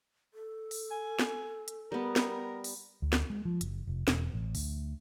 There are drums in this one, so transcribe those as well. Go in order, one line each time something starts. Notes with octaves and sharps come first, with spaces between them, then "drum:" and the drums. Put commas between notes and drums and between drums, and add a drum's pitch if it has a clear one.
A4
drum: open hi-hat
G#5
drum: snare
drum: hi-hat
G3 B3 A#4
drum: snare
drum: open hi-hat
D2
drum: snare
G#3
F3
F#1, drum: hi-hat
F1
E1, drum: snare
A1
D2, drum: open hi-hat